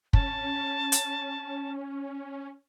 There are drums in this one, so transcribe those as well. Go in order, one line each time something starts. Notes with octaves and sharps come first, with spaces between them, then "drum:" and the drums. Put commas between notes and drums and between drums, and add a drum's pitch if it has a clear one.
C#4 A5, drum: kick
drum: hi-hat